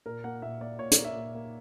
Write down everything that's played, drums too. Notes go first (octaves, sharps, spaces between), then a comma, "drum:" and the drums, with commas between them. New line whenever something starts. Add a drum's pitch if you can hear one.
A#2 A#4
A#3 F#5
A#2 E5
A#3 D5
A#2 C#5
D5, drum: hi-hat
A#3
E5
A#2
A#3